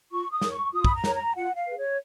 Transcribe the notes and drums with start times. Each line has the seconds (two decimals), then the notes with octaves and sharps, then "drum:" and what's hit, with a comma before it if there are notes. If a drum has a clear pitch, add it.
0.11 F4 C#6
0.32 D#6
0.41 A#4 C#5, drum: snare
0.52 C#6
0.73 F4 D#6
0.84 B5, drum: kick
0.94 A#5
1.04 A#4 C#5, drum: snare
1.15 A#5
1.35 F4 F#5
1.56 F5
1.67 G#4 B4
1.77 C#5